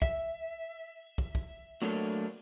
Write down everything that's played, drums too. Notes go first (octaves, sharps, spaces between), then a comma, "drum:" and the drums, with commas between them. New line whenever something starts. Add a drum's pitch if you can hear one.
E5, drum: kick
drum: kick
drum: kick
F#3 A3 A#3 D4 A4 C#5, drum: open hi-hat